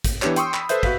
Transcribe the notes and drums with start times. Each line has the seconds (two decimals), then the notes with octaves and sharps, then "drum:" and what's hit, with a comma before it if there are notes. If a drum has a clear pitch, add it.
0.04 drum: kick, hi-hat
0.22 E3 B3 D4 G4 C#5, drum: clap
0.36 G5 C6 C#6 D#6 E6, drum: hi-hat
0.54 B5, drum: clap
0.69 A4 B4 C5 E5 G6, drum: hi-hat
0.83 F#4 B4 F5 B6, drum: kick